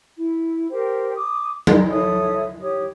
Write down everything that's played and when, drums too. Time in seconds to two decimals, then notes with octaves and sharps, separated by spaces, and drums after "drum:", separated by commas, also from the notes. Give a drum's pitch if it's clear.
0.19 E4
0.71 G4 A#4 C5 G5
1.15 D6 D#6
1.67 A#5, drum: tom F#3
1.89 A4 C#5 E5 D#6
2.60 G4 C#5 D#6